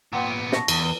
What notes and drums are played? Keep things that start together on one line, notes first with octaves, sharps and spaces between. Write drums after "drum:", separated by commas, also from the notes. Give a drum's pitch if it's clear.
A#2 B3 F#5 G5 C6
D7
A5 C#6 A#6, drum: snare
E2, drum: cymbal
B4 G7